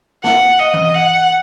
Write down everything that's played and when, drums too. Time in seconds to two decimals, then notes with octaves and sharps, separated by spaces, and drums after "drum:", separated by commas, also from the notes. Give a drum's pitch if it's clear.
0.24 F#5, drum: snare
0.59 D#5
0.74 drum: tom E3
0.94 F#5